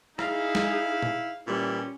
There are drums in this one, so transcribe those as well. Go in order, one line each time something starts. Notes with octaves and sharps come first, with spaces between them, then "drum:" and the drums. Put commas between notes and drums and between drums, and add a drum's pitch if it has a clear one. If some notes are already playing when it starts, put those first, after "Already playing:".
D#4 E4 G#4 F5, drum: rim click
drum: snare G#3
drum: tom
A#2 E3 G3 C#4